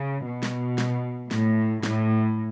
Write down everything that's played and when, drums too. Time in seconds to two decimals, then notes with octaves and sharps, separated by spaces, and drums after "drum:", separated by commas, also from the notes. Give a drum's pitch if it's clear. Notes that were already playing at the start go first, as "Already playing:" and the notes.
Already playing: C#3
0.25 B2
0.43 drum: snare
0.78 drum: snare
1.31 A2, drum: snare
1.83 A2, drum: snare